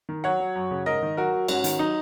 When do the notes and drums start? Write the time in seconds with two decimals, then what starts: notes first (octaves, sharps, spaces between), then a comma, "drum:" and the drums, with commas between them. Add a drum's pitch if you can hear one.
0.09 D#3
0.24 F#3 C#5 F#5
0.40 F#3
0.55 F#2
0.71 C#3
0.86 G#2 A#4 D#5
1.02 D#3
1.17 F#3 F#4 A#4
1.33 F#3
1.48 G#2 C#4 F#4, drum: cymbal
1.64 D#3, drum: hi-hat
1.79 F#3 D#4